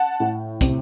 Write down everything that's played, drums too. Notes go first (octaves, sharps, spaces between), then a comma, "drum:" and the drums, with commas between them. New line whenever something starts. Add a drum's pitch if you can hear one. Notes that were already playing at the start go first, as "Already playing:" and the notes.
Already playing: F#5 A5
A2
C3, drum: kick, hi-hat